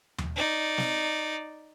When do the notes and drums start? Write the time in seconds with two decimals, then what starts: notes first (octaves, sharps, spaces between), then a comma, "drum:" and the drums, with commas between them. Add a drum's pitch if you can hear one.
0.18 drum: tom D#2
0.36 D#4 D5
0.78 drum: snare